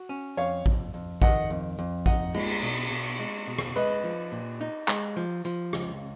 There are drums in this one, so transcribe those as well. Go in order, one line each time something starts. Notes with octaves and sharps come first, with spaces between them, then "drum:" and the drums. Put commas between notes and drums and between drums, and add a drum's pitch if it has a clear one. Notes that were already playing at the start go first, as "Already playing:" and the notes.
Already playing: F#4
C#4
F2 C#5 F5
F2, drum: kick A1
F2
D#3 D#5 F#5, drum: kick A1
F2
F2
D#4 D#5 F#5, drum: kick A1
G#3, drum: cymbal
B2
B2
G#3
B2
drum: rim click
G#3 B4 D#5
F3
A#2
D#4
G#3, drum: clap
F3
F3, drum: tambourine
C#2, drum: rim click